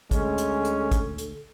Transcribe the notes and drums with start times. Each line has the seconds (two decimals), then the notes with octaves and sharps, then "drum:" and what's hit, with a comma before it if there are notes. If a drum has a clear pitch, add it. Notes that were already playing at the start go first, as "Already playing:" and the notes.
0.11 D2 G#3 C#4 A4, drum: kick, hi-hat
0.38 drum: hi-hat
0.65 drum: hi-hat
0.92 drum: kick, hi-hat
1.18 drum: hi-hat